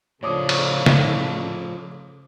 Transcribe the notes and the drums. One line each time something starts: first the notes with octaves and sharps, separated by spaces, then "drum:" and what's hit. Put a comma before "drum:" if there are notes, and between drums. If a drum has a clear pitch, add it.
A2 C#3 F3 A3 D4 C#5 D6 D#6
drum: cymbal
drum: snare